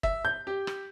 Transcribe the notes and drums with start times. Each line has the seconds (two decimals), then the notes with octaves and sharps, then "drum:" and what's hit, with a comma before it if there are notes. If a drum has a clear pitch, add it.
0.03 E5, drum: kick
0.25 G6
0.47 G4
0.67 drum: rim click